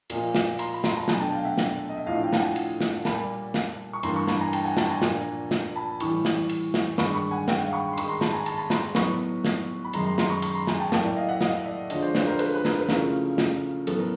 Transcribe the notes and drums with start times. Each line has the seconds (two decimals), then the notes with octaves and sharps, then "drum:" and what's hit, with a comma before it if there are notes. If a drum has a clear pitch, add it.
0.10 A#2 F3 A#3 D#4, drum: cymbal
0.35 drum: snare
0.59 A#5 C6, drum: cymbal
0.73 B5
0.84 A#5 C6, drum: snare
0.97 A5 B5
1.08 B2 F#3 A3 D4 G#5 A#5, drum: snare
1.20 G5 A5
1.32 F5 G5
1.45 E5 F#5
1.57 drum: snare
1.89 D#5
1.98 E5
2.06 A2 F3 A3 D4 D#5 F5
2.23 F5 G5
2.33 A5, drum: snare
2.39 F#5 G#5
2.56 drum: cymbal
2.80 drum: snare
3.05 A#2 G3 A#3 A5 B5, drum: snare
3.54 drum: snare
3.93 C#6
4.03 G2 E3 G3 A#3 A#5 C6, drum: cymbal
4.15 B5 C#6
4.27 A5 B5, drum: snare
4.41 G#5 A#5
4.53 G5 A5, drum: cymbal
4.64 F#5 G#5
4.77 G5 A5, drum: snare
4.89 G#5 A#5
5.02 A#2 F3 A#3 D4, drum: snare
5.51 drum: snare
5.76 A5 B5
6.00 A2 E3 G3 B5 C#6, drum: cymbal
6.25 drum: snare
6.49 drum: cymbal
6.74 drum: snare
6.98 G2 D#3 G#3 B5 C#6, drum: snare
7.15 B5 C#6
7.31 F#5 G#5
7.48 G5, drum: snare
7.56 F#5
7.64 F5 G5
7.73 B5 C#6
7.93 C6
7.97 G#2 D#3 G#3 B5 C#6, drum: cymbal
8.09 A#5 C6
8.21 A5 B5, drum: snare
8.33 G#5 A#5
8.46 A5 B5, drum: cymbal
8.58 A5 B5
8.70 A#5 C6, drum: snare
8.95 A2 F#3 B3 D#4 B5 C#6, drum: snare
9.45 drum: snare
9.84 B5
9.93 F#2 D#3 G#3 A#5 C6, drum: cymbal
10.06 A#5 C6
10.18 A#5 C6, drum: snare
10.30 B5 C#6
10.42 B5 C#6, drum: cymbal
10.55 A#5 C6
10.67 G#5 A#5, drum: snare
10.80 G5 A5
10.92 A2 F#3 A#3 G5 A5, drum: snare
11.04 D5 E5
11.17 D#5 F5
11.29 E5 F#5
11.41 D#5 F5, drum: snare
11.66 D5 E5
11.90 D3 F3 G#3 C#5 D#5, drum: cymbal
12.02 C5 D5
12.15 B4 C#5, drum: snare
12.27 A#4 C5
12.39 A4 B4, drum: cymbal
12.54 B4
12.65 A#4, drum: snare
12.80 B4
12.89 C#3 F3 A3 C#4 E4 A#4, drum: snare
13.38 drum: snare
13.87 A2 F#3 B3 A4, drum: cymbal
14.00 A#4